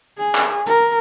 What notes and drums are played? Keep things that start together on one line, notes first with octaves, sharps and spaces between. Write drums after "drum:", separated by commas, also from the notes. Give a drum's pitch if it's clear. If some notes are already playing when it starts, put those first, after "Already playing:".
G#4
drum: clap
A#4